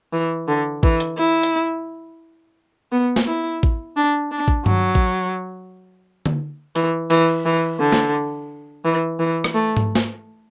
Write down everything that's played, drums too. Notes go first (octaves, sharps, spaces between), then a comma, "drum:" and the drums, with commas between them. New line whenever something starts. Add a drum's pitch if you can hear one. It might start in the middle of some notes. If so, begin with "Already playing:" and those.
E3
D3
E3, drum: kick A1
drum: hi-hat
E4
drum: hi-hat
B3
drum: snare
E4
drum: kick A1
D4
D4
drum: kick A1
F#3, drum: tom G2
drum: kick A1
drum: tom D3
E3, drum: hi-hat
E3, drum: cymbal
E3
D3
drum: snare
E3
E3
drum: rim click
A3
drum: tom G#2
drum: snare